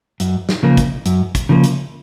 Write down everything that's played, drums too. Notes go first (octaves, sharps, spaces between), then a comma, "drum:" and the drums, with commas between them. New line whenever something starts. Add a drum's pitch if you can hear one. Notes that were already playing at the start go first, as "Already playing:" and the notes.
F#2, drum: hi-hat
drum: snare
C#3 F3 A#3
drum: kick, hi-hat
F#2, drum: hi-hat
drum: kick, hi-hat
C#3 F3 A#3
drum: hi-hat